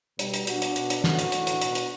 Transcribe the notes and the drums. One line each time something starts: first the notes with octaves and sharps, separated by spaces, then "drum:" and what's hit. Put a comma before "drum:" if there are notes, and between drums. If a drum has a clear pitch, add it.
B2 G3, drum: hi-hat
drum: hi-hat
B2 D4 F#4, drum: hi-hat
drum: hi-hat
B2, drum: hi-hat
drum: hi-hat
A2 E3 D4 F#4, drum: snare
drum: hi-hat
A2 E3, drum: hi-hat
drum: hi-hat
B2, drum: hi-hat
drum: hi-hat